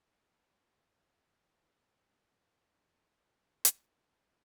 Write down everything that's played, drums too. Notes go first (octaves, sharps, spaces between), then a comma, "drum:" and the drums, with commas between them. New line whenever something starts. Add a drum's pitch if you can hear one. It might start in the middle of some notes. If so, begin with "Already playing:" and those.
G3
F3
F3
G3
G3
G2
G2
G2
A2
C3
D3
F3
D3
G3
A2
G2
F2
drum: hi-hat